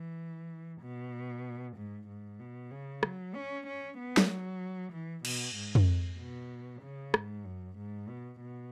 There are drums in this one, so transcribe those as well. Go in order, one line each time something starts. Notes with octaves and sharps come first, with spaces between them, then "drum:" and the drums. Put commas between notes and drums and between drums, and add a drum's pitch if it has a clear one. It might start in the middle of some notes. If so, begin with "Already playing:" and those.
Already playing: E3
B2
G#2
G#2
B2
C#3
F#3, drum: rim click
C#4
C#4
B3
drum: snare
F#3
E3
B2, drum: cymbal
G#2
drum: tom F2
B2
C#3
G#2, drum: rim click
F#2
G#2
B2
B2